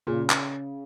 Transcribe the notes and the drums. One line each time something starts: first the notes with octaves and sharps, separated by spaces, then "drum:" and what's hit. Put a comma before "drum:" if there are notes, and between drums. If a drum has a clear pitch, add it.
A#2 C#3
drum: clap